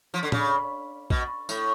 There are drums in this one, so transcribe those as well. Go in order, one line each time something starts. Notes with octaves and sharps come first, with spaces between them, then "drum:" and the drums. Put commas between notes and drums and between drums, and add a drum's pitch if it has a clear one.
F3
D3
C#3, drum: tom
B2, drum: kick A#1
A2, drum: tambourine